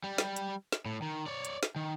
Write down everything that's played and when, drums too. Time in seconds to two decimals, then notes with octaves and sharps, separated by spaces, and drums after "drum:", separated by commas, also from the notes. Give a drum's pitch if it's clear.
0.04 G3
0.18 drum: snare
0.36 drum: hi-hat
0.72 drum: snare
0.86 A2
1.02 D#3
1.27 C#5 D5
1.45 drum: hi-hat
1.63 drum: snare
1.76 D#3